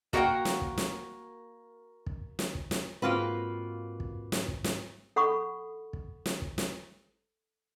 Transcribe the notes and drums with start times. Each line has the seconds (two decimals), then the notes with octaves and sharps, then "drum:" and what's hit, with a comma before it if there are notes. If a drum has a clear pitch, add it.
0.13 A#3 F#4 A#4 D5 F#5 G5, drum: kick
0.45 drum: snare
0.61 drum: kick
0.78 drum: snare
2.06 drum: kick
2.39 drum: snare
2.55 drum: kick
2.71 drum: snare
3.02 G#2 A#3 C4 F4 F#4 B4
4.00 drum: kick
4.32 drum: snare
4.48 drum: kick
4.64 drum: snare
5.16 A4 F#5 B5 C#6 D#6
5.93 drum: kick
6.26 drum: snare
6.42 drum: kick
6.58 drum: snare